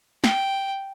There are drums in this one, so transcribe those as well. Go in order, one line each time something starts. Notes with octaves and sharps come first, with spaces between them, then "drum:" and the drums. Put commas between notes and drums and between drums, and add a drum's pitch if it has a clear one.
G5, drum: snare